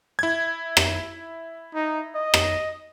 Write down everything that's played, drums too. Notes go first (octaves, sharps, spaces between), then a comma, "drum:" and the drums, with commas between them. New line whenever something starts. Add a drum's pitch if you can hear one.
E4 G#6
drum: rim click
D#4
D#5
drum: rim click